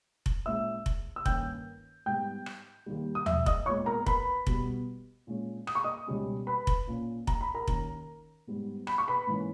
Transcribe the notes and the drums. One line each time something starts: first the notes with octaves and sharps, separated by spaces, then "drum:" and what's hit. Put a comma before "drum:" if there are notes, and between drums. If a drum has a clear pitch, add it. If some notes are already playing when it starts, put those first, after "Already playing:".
drum: kick F1
A#2 G#3 C#4 E5 E6
drum: kick F1
E6
G2 D#3 A#3 C#4 G5 G6, drum: kick F1
G#2 G3 B3 G5 G6
drum: rim click
D#2 D#3 G3
D#6
E5 E6, drum: tom D#2
D#5 D#6, drum: kick F1
A#2 G#3 B3 C#5 C#6
A#4 A#5
B4 B5, drum: kick F1
B2 G3 B3, drum: kick F1
A#2 G#3 C#4
D#6, drum: rim click
C#6
D#5 D#6
C#2 B2 G3 C#4
B4 B5
drum: kick F1
A#2 A#3 C#4
A#5, drum: kick F1
B5
A#4 A#5
D#2 D#3 A#3 C#4, drum: kick F1
G#2 G3 B3
B5, drum: rim click
C#6
B4 B5
G#2 E3 A#3 C#4